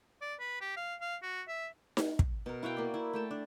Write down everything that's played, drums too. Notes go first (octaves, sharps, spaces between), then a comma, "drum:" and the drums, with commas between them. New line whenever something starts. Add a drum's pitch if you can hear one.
D5
B4
G4
F5
F5
F#4
E5
drum: snare D#4
drum: kick
B2 A#4
E4 F#4 F5 G5
A#3 E4 D5
E4
A3 G5 A5
D4